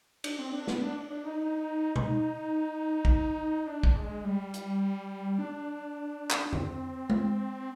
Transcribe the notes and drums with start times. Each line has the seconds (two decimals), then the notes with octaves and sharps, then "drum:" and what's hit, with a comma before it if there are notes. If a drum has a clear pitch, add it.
0.24 D4, drum: cymbal
0.39 C4
0.53 D4
0.67 B3, drum: snare
0.82 D4
1.10 D4
1.25 D#4
1.96 D#4, drum: tom B2
3.05 drum: kick
3.66 D4
3.83 drum: kick
3.96 G#3
4.25 G3
4.54 drum: hi-hat
5.39 D4
6.30 drum: clap
6.45 D4
6.53 C4, drum: tom F2
7.10 drum: tom G#3